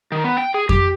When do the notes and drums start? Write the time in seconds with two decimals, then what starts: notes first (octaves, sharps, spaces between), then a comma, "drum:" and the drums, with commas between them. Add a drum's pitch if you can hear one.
0.12 D#3
0.24 B3
0.37 G5
0.54 G#4
0.69 G4, drum: kick F2